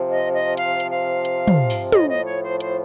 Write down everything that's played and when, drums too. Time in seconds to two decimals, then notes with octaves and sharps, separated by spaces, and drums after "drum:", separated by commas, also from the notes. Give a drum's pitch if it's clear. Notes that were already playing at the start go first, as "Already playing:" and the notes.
Already playing: C3 F3
0.12 D#5
0.34 D#5
0.57 F5, drum: hi-hat
0.80 drum: hi-hat
0.91 F5
1.25 drum: hi-hat
1.47 drum: tom
1.70 drum: open hi-hat
1.92 A2 F3 D#5, drum: tom
2.10 D#5
2.26 C#5
2.43 C5
2.60 C5, drum: hi-hat